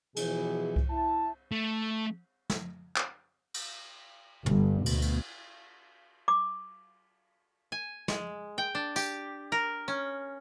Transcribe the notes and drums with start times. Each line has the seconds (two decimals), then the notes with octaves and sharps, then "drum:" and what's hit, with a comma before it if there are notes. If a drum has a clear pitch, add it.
0.16 B2 E3 F3 G#4, drum: cymbal
0.76 drum: kick C2
0.91 E4 A5
1.52 A3
2.50 drum: snare
2.96 drum: clap
3.54 drum: cymbal
4.46 G1 G2, drum: tom
4.86 D2 B2, drum: cymbal
5.02 drum: cymbal
6.28 D6
7.72 G#5
8.08 G#3, drum: snare
8.58 G5
8.75 D4
8.96 G4, drum: tambourine
9.52 A#4
9.88 C#4